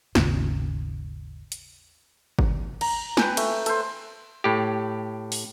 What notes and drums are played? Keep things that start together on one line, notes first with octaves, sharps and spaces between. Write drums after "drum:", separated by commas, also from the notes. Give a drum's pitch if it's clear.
G#1 D#2 C#3, drum: snare
drum: hi-hat
drum: kick
A#5, drum: cymbal
B4 G5 G#5, drum: snare
A3, drum: cymbal
A4 C5, drum: hi-hat
A2 G4
drum: open hi-hat